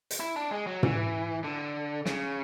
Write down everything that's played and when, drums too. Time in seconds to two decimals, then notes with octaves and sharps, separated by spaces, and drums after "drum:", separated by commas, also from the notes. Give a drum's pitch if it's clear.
0.11 drum: hi-hat
0.20 E4
0.36 D4
0.51 G#3
0.66 F#3
0.83 E3, drum: tom
1.44 D3
2.06 C#3, drum: snare